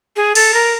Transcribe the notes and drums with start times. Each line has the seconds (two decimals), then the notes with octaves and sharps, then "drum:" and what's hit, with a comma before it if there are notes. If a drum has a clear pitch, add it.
0.16 G#4
0.35 A4, drum: cymbal
0.54 A#4